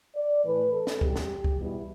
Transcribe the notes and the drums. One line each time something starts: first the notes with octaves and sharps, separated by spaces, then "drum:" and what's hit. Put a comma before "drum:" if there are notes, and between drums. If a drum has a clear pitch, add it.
D5
A2 E3 A3 B4
A4
drum: snare
E2 B2 G3 G4, drum: kick C#2
drum: snare
drum: kick C#2
E2 B2 G3 B3 E4